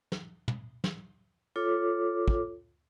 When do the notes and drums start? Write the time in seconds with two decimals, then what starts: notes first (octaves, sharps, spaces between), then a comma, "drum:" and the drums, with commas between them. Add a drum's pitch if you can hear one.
0.12 drum: snare
0.48 drum: tom
0.84 drum: snare
1.56 F4 A4 C#5 D6
2.28 drum: kick